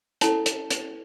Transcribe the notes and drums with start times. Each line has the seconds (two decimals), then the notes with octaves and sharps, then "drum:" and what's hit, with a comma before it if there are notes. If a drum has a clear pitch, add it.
0.21 C#4 E4 A4 A5, drum: hi-hat
0.46 drum: hi-hat
0.71 drum: hi-hat